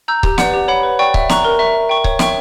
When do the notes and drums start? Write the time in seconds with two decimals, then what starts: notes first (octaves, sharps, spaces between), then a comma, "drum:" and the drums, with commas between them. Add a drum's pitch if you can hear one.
0.08 A#5 E6 G6
0.23 G4, drum: kick C#1
0.38 B4 D5 F#5, drum: snare
0.54 G4
0.68 C#5 F#5 B5
0.83 B4
0.99 D5 G5 C#6
1.14 E5, drum: kick C#1
1.29 A#5 C#6 F#6, drum: snare
1.44 A#4
1.59 E5 A#5 C#6
1.74 E5
1.89 G5 C#6
2.04 C#5, drum: kick C#1
2.19 E5 G5 C#6, drum: snare